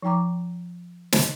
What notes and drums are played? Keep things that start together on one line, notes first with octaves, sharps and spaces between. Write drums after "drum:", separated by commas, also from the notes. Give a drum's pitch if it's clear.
F3 D#4 G5 A#5 D6
drum: snare